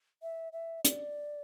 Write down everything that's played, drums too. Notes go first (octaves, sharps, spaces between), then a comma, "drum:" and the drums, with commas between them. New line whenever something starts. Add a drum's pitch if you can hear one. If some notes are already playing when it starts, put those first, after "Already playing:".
E5
E5
D5, drum: hi-hat